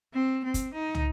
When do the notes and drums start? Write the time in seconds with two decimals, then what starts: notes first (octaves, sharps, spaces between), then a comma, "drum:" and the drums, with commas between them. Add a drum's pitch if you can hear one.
0.14 C4
0.44 C4
0.54 drum: kick, hi-hat
0.74 D#4
0.95 drum: tom